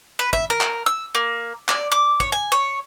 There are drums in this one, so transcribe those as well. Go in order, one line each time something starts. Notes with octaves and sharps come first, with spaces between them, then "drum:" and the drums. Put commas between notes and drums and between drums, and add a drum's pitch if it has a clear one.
B4
E5, drum: kick
A#4
drum: clap
E6
A#3
D5, drum: clap
D6
C#5, drum: kick
G#5
C#5